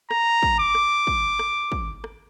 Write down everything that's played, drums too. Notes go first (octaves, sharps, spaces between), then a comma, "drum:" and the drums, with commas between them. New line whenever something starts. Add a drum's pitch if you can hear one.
A#5, drum: rim click
drum: kick
D6
drum: rim click
drum: kick
drum: rim click
drum: kick
drum: rim click